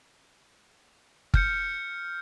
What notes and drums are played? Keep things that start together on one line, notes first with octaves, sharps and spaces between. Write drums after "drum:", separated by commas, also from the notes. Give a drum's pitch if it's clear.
F6 G6 C#7, drum: kick